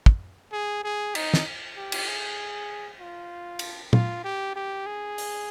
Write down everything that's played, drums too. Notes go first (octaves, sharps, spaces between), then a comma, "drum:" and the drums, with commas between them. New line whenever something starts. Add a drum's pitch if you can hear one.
drum: kick
G#4
G#4
D#4, drum: cymbal
drum: snare
G4
drum: cymbal
G#4
F4
drum: cymbal
F4, drum: tom A#2
G4
G4
G#4
drum: open hi-hat